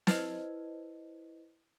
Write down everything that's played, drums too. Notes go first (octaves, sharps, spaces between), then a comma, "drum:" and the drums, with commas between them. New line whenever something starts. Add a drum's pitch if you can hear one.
E4 B4 C5 D#5, drum: snare